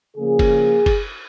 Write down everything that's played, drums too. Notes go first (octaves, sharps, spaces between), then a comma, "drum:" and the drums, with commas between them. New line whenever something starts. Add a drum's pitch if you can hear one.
C#3 F3 A#3 G#4
drum: kick F#1, cymbal
drum: kick F#1, cymbal